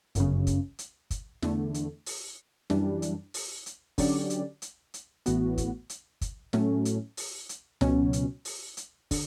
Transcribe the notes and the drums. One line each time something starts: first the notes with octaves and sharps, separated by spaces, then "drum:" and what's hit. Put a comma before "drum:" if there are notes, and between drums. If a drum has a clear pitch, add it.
G1 F#2 C#3, drum: hi-hat
drum: kick, hi-hat
drum: hi-hat
drum: kick, hi-hat
E2 D3 A3, drum: snare
drum: hi-hat
drum: open hi-hat
F#2 E3 G3 D4, drum: snare
drum: hi-hat
drum: open hi-hat
drum: hi-hat
D3 F#3 C#4 G4 D5, drum: kick, open hi-hat
drum: hi-hat
drum: hi-hat
drum: hi-hat
A1 A2 E3 B3 F#4, drum: hi-hat
drum: kick, hi-hat
drum: hi-hat
drum: kick, hi-hat
A2 F#3 A3 C#4, drum: snare
drum: hi-hat
drum: open hi-hat
drum: hi-hat
C#2 B2 F#3 C#4, drum: snare
drum: hi-hat
drum: open hi-hat
drum: hi-hat
D3, drum: kick, open hi-hat